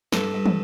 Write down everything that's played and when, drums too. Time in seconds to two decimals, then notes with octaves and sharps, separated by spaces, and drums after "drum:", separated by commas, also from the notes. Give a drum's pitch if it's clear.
0.12 G2 A4, drum: snare
0.34 G2
0.46 drum: tom